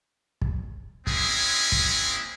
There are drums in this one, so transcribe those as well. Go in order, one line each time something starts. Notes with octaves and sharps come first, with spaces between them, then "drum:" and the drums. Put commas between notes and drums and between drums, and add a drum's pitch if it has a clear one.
drum: kick
G#3 A#3 C4 C#4 E4 G#4, drum: kick
drum: kick